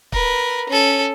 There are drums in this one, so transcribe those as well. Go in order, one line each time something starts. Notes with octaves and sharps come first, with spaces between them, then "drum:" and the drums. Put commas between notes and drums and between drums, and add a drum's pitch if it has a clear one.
A#4 B4, drum: kick
C#4 A4